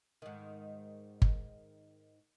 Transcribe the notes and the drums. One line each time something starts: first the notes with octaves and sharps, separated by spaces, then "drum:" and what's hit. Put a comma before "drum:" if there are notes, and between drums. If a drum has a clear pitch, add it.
G#2 D#3
drum: kick G1